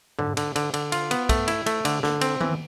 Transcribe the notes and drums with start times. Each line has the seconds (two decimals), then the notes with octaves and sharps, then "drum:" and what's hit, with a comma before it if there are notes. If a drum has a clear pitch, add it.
0.19 D3, drum: tom G#2
0.37 D3, drum: cymbal
0.56 D3, drum: cymbal
0.74 D3, drum: cymbal
0.92 F4, drum: cymbal
1.11 B3, drum: cymbal
1.29 A3, drum: kick, cymbal
1.48 E4, drum: cymbal
1.66 A3, drum: cymbal
1.85 D3, drum: cymbal
2.03 D3, drum: snare
2.21 C4, drum: cymbal
2.41 E3, drum: tom D#3